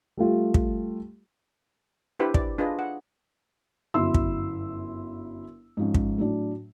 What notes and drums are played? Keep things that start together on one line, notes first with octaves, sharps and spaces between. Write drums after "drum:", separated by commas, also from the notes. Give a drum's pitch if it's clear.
G3 A3 F4
drum: kick
D4 E4 G4 B4 C5
D5, drum: kick
D4 F4 G#4 B4 D#5
F#5
G1 F#2 E4 E5 C6 E6
drum: kick
G#2 F3 C#4
drum: kick
A2 F#3 D4